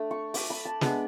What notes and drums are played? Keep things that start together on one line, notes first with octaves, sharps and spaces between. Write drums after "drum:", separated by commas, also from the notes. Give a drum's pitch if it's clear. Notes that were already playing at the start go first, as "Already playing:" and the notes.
Already playing: A3 D4
C#6
D6, drum: open hi-hat
B5
A5
G#3 B3 D4, drum: snare